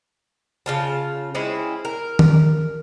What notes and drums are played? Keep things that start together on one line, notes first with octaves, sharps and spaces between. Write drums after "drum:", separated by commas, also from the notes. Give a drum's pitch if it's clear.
C#3 F4 A5
G#3 C4 C#4 E4
A#4
drum: tom D#3